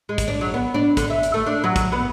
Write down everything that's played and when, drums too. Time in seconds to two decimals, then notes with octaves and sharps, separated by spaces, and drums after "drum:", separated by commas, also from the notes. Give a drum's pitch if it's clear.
0.09 G#3
0.18 drum: kick, hi-hat
0.28 D4
0.41 F#3
0.54 B3
0.74 D4
0.97 D3, drum: kick, hi-hat
1.10 E5
1.23 drum: hi-hat
1.34 A3
1.46 D4
1.64 F#3
1.76 drum: kick, hi-hat
1.92 B3